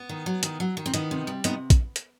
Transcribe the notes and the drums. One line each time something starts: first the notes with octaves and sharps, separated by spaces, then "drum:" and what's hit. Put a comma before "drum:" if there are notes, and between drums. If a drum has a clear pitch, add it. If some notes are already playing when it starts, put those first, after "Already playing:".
Already playing: B3
D#3
F#3
D#3, drum: hi-hat
F#3
D#3
C4
D#3 B3 D#4, drum: hi-hat
C3
G3
C3 B3 D#4, drum: hi-hat
drum: kick, hi-hat
drum: hi-hat